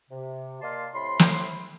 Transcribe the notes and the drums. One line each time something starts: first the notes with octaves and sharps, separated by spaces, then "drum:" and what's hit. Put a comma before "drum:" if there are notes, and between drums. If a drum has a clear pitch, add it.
C3
A#3 D5 D#5 F5 A5 C6
A2 C3 B5 C6
drum: snare